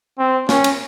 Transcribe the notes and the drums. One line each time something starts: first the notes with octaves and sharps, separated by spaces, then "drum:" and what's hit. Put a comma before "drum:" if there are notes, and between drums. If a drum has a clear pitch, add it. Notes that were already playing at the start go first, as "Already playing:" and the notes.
C4
C#4, drum: snare
drum: cymbal